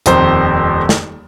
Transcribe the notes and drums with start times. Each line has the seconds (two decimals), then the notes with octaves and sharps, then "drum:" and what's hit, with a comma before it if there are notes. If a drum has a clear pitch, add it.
0.06 D#1 F2 D#3 C5, drum: hi-hat
0.89 drum: snare